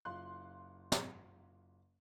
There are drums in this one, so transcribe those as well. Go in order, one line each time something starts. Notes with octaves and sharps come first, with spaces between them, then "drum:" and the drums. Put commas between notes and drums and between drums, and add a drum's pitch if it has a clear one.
F#1 F4 C6 F#6
drum: snare